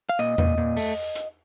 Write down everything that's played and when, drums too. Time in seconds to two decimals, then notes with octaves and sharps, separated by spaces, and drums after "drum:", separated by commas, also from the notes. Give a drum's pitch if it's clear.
0.09 F5
0.19 A#2 D#5
0.38 A#2, drum: tom E2
0.58 A#2
0.77 A3, drum: open hi-hat
1.15 drum: hi-hat